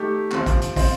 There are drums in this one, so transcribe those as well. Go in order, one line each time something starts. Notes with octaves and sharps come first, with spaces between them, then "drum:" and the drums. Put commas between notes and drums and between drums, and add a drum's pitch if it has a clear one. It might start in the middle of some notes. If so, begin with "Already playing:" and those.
Already playing: A3 D#4 G4
C3 F3 C4 F4, drum: clap
drum: kick, hi-hat
drum: hi-hat
C4 F4 C5 D#5, drum: kick, open hi-hat